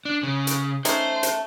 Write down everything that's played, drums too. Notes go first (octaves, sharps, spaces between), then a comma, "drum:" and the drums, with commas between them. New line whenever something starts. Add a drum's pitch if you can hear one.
D4
C#3
drum: hi-hat
A3 C#4 D#4 C5, drum: hi-hat
drum: hi-hat